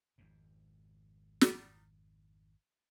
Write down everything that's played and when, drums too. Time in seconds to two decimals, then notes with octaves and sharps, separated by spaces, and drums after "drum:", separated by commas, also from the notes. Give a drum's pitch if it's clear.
0.18 G#1 F2 G#2
1.41 drum: snare